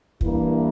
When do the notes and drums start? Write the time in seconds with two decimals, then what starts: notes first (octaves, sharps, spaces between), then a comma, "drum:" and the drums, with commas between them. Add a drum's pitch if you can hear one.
0.21 G2 E3 A#3 D4 E4, drum: kick